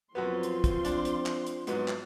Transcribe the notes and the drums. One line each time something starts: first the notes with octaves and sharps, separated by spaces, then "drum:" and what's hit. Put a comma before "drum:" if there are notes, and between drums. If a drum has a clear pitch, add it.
F#2 F3 F#3 B3 C4 C6
drum: hi-hat
drum: kick, hi-hat
D4, drum: hi-hat
drum: hi-hat
drum: clap
drum: hi-hat
G#2 F#3 B3, drum: hi-hat
drum: clap